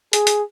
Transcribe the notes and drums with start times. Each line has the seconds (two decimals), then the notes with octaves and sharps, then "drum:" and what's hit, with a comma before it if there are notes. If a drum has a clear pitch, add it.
0.13 G#4, drum: hi-hat
0.27 drum: hi-hat